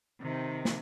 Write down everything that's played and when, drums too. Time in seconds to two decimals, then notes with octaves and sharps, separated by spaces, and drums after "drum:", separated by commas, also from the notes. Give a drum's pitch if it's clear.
0.21 C3 D#3
0.65 drum: snare